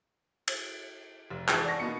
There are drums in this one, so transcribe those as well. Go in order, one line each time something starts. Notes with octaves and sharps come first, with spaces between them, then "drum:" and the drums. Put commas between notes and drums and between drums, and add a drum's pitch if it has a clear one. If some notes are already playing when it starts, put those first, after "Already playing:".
drum: cymbal
F1
G#1 E3 G#4 A4 C7, drum: clap
D5 F#5 A5 C#6 A#6
B2 A#3 B3 D#4 C#7